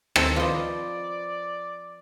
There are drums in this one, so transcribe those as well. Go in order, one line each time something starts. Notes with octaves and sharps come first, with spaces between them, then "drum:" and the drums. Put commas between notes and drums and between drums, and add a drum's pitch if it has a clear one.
D#3 C4 A4, drum: rim click
F3 C4 F4 B4 D5 D#5